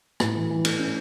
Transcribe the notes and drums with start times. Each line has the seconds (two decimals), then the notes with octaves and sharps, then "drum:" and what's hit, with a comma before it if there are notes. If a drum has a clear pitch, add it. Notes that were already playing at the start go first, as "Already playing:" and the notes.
0.20 A2, drum: rim click
0.35 E3
0.50 E3
0.65 A3, drum: cymbal
0.79 C#4